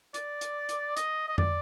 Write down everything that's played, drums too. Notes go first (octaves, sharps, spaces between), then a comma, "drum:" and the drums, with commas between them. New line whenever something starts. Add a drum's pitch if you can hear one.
D5, drum: hi-hat
drum: hi-hat
drum: hi-hat
D#5, drum: hi-hat
D#5
D5, drum: tom F2